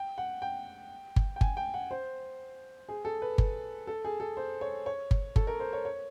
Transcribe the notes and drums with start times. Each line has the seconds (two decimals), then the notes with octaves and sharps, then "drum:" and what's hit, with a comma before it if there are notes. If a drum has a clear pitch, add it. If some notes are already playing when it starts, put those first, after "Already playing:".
Already playing: G5
0.18 F#5
0.42 G5
1.16 drum: kick G1
1.36 G5
1.41 G#5, drum: kick G1
1.57 G5
1.74 F#5
1.91 C5
2.89 G#4
3.05 A4
3.22 B4
3.38 drum: kick G1
3.87 A4
4.05 G#4
4.20 A4
4.37 C5
4.61 C#5
4.86 C#5
5.11 drum: kick G1
5.36 A4, drum: kick G1
5.47 A#4
5.60 C5
5.73 C#5
5.85 C#5